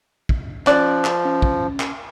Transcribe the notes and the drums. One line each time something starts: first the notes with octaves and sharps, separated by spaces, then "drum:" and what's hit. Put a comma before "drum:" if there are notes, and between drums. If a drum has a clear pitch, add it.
drum: kick
F3 C#4 D5 F#6, drum: clap
drum: clap
C#4
drum: kick
drum: clap